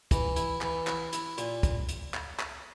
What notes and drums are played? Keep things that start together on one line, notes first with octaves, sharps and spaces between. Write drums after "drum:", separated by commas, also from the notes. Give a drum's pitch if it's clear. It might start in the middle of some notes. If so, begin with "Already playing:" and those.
E3, drum: kick, hi-hat
E4, drum: hi-hat
E3, drum: clap
E4, drum: clap
E4, drum: hi-hat
A#2, drum: hi-hat
drum: kick, hi-hat
drum: hi-hat
drum: clap
drum: clap